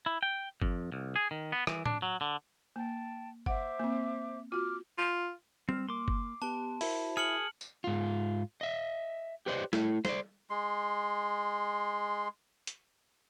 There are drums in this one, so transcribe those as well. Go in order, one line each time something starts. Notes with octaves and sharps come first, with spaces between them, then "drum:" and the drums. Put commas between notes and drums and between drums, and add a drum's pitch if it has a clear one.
E4
G5
F2, drum: kick G1
C2
G#4
D#3
B3
E3, drum: rim click
D4, drum: tom
F#3
D3
A#3 G5 A5
C5 E5 F#5 D6, drum: kick G1
A#3 C4
F4 F#4 D6 F6
F4
C4 F6, drum: tom G3
A#3 C6 D6
drum: kick G1
B3 G4 A5
E4 F#4 A#4 C5, drum: open hi-hat
G#4 F6 C#7 F#7
drum: tambourine
G#2 F4
D#5 E5
G4 B4 C5 D5 D#5
A3 E4, drum: snare
C5 D5, drum: snare
G#3 C6
drum: hi-hat